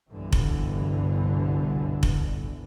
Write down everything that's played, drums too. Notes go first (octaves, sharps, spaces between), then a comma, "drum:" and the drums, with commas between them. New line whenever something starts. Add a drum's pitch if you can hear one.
G1 C2 G2 B2 D3 E3
drum: kick F1
drum: kick F1